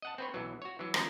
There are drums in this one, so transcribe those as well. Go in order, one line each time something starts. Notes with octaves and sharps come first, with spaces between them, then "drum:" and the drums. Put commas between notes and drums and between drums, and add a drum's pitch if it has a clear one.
D#5 F#5 A5
C4 B4 C#5
B1 E3 F#3
F#4 C#5
E3 F#3
D#3 F3 B3 C#4 D#4 F#4, drum: rim click